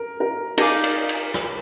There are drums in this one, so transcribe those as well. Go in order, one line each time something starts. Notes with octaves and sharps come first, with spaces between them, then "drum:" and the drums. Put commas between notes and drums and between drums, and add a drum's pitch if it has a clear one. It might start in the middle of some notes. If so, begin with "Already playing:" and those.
Already playing: A#4
A#4
D#4 G#4 A#4 D5 F5, drum: cymbal
drum: cymbal
drum: cymbal
drum: rim click